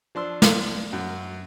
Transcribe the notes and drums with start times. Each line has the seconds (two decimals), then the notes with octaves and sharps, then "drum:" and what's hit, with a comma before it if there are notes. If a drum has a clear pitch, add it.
0.15 F3 D4 C6 E6
0.42 drum: snare
0.93 F#2